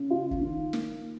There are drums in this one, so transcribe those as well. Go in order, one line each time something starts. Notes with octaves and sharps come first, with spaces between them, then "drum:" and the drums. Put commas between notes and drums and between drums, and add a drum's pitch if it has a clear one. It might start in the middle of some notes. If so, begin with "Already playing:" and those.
Already playing: C#3
F4
drum: kick
D#3
A#3, drum: snare